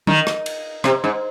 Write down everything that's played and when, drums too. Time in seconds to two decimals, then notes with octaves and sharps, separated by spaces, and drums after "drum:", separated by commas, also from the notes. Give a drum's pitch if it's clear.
0.07 D#3, drum: tom F#3
0.27 drum: rim click
0.46 drum: cymbal
0.84 C3, drum: rim click
1.04 G#2